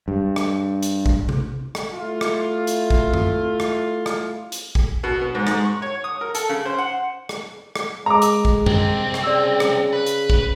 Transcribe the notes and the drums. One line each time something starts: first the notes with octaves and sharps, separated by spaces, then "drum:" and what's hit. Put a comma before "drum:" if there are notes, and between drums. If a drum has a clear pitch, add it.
G2
drum: rim click
drum: hi-hat
drum: kick A1
drum: tom C3
drum: rim click
A3 E4 F4
drum: rim click
drum: hi-hat
drum: kick A1
drum: tom F#2
drum: rim click
drum: rim click
drum: hi-hat
drum: kick A1
B2
B3
G#2
G#2, drum: rim click
C#6
C#5
D#6
A#4
A4, drum: hi-hat
C#3
C5
F#5
drum: rim click
drum: rim click
G#3 A#5 D6
drum: hi-hat
drum: kick A1
C2 C4, drum: tom F#2
drum: rim click
C#3 D5 E6
drum: rim click
B4
drum: hi-hat
drum: kick A1